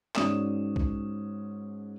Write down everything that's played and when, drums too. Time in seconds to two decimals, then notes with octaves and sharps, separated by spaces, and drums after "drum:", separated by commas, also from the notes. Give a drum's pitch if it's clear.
0.15 G#2 C#4 F#4 D5 D#6 E7, drum: clap
0.76 drum: kick B1